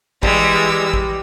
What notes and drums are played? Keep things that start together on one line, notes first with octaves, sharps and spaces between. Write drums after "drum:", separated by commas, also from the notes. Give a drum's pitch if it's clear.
E3 G3 G#3 E6, drum: kick A1
drum: kick A1